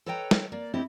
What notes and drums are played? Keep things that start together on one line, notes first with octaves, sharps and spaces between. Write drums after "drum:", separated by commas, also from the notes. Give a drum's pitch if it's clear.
A4 B4 C#5 D#5 G5 A#5
drum: snare
A#3 D5
A3 C4 D4 E4 G4 D#5